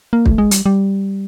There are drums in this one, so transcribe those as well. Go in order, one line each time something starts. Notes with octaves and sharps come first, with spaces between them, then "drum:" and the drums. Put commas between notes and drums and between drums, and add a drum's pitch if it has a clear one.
A#3
A3, drum: kick
G#3
G3, drum: hi-hat
G3